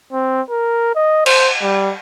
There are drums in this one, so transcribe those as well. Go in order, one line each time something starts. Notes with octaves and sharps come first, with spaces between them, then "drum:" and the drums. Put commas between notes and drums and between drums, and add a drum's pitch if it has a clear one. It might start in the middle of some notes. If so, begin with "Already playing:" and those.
C4
A#4
D#5
C5, drum: cymbal
G3